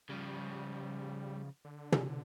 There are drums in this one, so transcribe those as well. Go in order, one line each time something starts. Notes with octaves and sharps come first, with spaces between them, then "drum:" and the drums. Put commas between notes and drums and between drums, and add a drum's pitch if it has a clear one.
C#3 F3 G3
D3
drum: tom